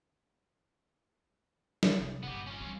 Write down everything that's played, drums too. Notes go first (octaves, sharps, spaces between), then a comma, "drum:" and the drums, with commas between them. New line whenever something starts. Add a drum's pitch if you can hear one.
drum: snare
C3 F#3
G1 A#2 B3 G4
C#4 F4
D#3 G3